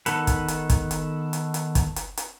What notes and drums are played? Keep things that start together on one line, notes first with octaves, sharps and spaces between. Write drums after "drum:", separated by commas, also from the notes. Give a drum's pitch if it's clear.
D#3 B3 A4 B4, drum: hi-hat
drum: kick, hi-hat
drum: hi-hat
drum: kick, hi-hat
drum: hi-hat
drum: hi-hat
drum: hi-hat
drum: kick, hi-hat
drum: hi-hat
drum: hi-hat